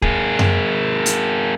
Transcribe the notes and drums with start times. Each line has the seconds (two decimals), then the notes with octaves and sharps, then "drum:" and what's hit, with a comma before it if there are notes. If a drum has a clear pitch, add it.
0.02 A#3 G#4, drum: kick
0.39 drum: tom F#2
1.06 drum: hi-hat